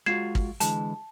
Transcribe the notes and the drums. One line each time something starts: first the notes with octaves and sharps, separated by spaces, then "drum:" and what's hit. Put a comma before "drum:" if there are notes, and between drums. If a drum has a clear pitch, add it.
G#3 F4 F#4 G#6 C7 E7
drum: kick G#1
D3 E3 G#3 A5, drum: hi-hat